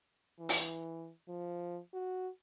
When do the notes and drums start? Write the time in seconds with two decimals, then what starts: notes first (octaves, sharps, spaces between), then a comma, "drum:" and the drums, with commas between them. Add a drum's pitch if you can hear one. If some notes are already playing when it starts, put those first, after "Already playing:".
0.40 E3
0.49 drum: open hi-hat
1.28 F3
1.93 F#4